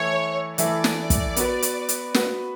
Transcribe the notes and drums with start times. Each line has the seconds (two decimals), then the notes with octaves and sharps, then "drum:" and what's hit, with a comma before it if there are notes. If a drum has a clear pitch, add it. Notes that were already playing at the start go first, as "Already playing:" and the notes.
Already playing: E3 A3 E4 C#5
0.58 E3 A3 E4 D5, drum: hi-hat
0.84 drum: snare
1.10 drum: kick, hi-hat
1.36 B3 F#4 B4, drum: hi-hat
1.62 drum: hi-hat
1.89 drum: hi-hat
2.14 B3 F#4 B4, drum: snare